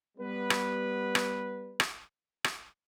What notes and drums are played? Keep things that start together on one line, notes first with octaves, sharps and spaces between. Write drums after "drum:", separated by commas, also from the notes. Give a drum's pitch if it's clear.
G3 B3 B4
drum: rim click
drum: rim click
drum: rim click
drum: rim click